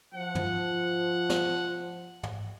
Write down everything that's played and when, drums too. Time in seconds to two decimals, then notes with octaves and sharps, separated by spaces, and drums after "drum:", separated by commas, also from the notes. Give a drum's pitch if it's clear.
0.14 F3 F#5
0.35 drum: tom
1.30 drum: snare
2.23 drum: tom